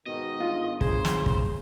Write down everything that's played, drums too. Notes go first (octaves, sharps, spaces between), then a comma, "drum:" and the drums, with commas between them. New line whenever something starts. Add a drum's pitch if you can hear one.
G#2 B2 D#3 D#5
G1 F4
C#3 G#4 C5, drum: kick
drum: snare
drum: kick